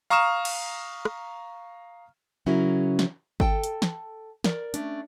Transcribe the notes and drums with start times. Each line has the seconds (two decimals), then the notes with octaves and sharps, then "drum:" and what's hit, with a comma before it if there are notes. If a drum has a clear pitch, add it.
0.10 F5 A#5 C#6 D#6 F6 E7
0.45 drum: cymbal
1.05 drum: rim click
2.46 C#3 F#3 C#4 E4 F#4 A#4
2.99 drum: snare
3.40 A4 G5 A5, drum: kick G#1
3.64 drum: hi-hat
3.82 drum: snare
4.44 A#4 D5, drum: snare
4.74 A3 C#4 D4, drum: hi-hat